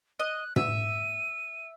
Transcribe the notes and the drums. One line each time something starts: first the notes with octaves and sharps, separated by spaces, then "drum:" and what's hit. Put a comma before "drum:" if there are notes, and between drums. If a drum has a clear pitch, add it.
D#5 F#6
E5 D#7, drum: tom